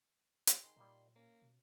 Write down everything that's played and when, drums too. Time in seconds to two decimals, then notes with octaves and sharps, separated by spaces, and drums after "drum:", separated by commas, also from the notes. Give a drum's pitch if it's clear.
0.47 drum: hi-hat
0.63 D#3 G#4 C6
0.76 A#2 G3 A#3 D#4
1.16 A#3 C#4
1.42 B2